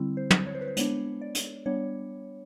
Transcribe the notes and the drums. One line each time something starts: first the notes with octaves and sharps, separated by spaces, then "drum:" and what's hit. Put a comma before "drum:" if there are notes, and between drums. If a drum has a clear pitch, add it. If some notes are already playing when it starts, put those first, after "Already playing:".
Already playing: D3 G3 C4 E4
C5
drum: tom
C#5
C5
B4
C5
G#3 B3 D4 C#5, drum: hi-hat
D5
drum: hi-hat
G3 B3 D4 C#5